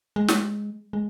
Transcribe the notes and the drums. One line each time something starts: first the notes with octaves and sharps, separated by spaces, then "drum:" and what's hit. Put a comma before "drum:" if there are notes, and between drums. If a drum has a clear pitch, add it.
G#3
drum: snare
G#3